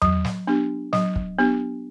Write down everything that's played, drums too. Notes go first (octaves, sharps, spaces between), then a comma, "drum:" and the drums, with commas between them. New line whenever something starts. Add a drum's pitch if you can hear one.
F#3, drum: tom E2
drum: snare
B3 D4 G4
F#3, drum: snare
drum: kick
B3 D4 G4